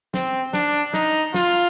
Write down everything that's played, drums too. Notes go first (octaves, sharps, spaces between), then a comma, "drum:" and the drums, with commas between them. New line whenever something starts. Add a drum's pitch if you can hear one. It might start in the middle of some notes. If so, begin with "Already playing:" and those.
C4, drum: snare
D4, drum: snare
D#4, drum: snare
F4, drum: snare